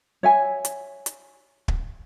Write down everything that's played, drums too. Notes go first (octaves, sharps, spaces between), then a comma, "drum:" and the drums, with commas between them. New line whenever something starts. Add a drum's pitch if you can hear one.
C#5 E5 G#5
drum: hi-hat
drum: hi-hat
drum: kick